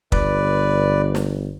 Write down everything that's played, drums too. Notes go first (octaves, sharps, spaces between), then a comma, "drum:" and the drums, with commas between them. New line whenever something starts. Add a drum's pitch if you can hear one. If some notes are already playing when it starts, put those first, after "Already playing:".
G1 B4 D5, drum: kick
drum: snare